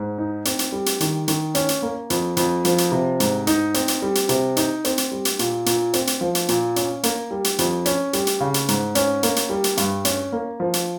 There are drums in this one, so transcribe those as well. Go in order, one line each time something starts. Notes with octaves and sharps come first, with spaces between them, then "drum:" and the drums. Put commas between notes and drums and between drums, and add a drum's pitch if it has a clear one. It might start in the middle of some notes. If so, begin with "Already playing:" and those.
Already playing: G#2
D#4
C4, drum: hi-hat
drum: hi-hat
G3
drum: hi-hat
D#3, drum: hi-hat
D#3, drum: hi-hat
C#4, drum: hi-hat
drum: hi-hat
A#3
F2, drum: hi-hat
F2, drum: hi-hat
F3, drum: hi-hat
drum: hi-hat
C3
G#2, drum: hi-hat
D#4, drum: hi-hat
C4, drum: hi-hat
drum: hi-hat
G3
drum: hi-hat
C3, drum: hi-hat
D#4, drum: hi-hat
C4, drum: hi-hat
drum: hi-hat
G3
drum: hi-hat
A#2, drum: hi-hat
A#2, drum: hi-hat
C4, drum: hi-hat
drum: hi-hat
F3
drum: hi-hat
A#2, drum: hi-hat
C#4, drum: hi-hat
A#3, drum: hi-hat
G3
drum: hi-hat
F2, drum: hi-hat
C#4, drum: hi-hat
G3, drum: hi-hat
drum: hi-hat
C#3
drum: hi-hat
G#2, drum: hi-hat
C#4, drum: hi-hat
A#3, drum: hi-hat
drum: hi-hat
G3
drum: hi-hat
G2, drum: hi-hat
C#4, drum: hi-hat
A#3
F3
drum: hi-hat